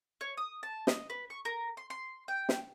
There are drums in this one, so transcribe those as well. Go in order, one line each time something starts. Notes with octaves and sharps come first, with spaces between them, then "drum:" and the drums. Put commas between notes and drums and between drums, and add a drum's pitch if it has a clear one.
C#5
D#6
A5
D#5, drum: snare
B4
C#6
A#4
C6
C6
G5
drum: snare